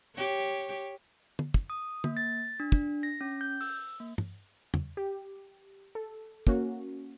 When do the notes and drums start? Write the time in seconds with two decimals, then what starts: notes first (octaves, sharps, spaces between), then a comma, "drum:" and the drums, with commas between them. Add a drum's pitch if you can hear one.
0.16 G4 C#5
1.39 drum: tom
1.54 drum: kick
1.70 D#6
2.04 A#3, drum: tom
2.17 A6
2.60 D4
2.72 D4, drum: kick
3.03 A#6
3.21 C#4
3.41 G6
3.61 E6, drum: open hi-hat
4.00 A#3
4.18 drum: tom
4.74 drum: tom E2
4.97 G4
5.95 A4
6.47 A#3 C#4 F#4, drum: kick